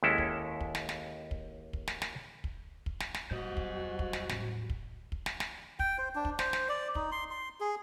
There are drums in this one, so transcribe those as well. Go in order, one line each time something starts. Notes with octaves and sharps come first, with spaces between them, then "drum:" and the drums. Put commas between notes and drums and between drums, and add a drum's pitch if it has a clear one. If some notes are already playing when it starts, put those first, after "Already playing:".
D#2 G#3 C#4 E4 A4
drum: kick
drum: kick
drum: snare
drum: snare
drum: kick
drum: kick
drum: snare
drum: snare
drum: kick
drum: kick
drum: snare
drum: snare
E2 A#2 F#3 G3 F#4 C5 D#5
drum: kick
drum: kick
drum: snare
D#1 A1, drum: snare
drum: kick
drum: kick
drum: snare
drum: snare
G5, drum: kick
C5
D4
drum: kick
C5, drum: snare
drum: snare
D5
D#4, drum: kick
C6
C6
G#4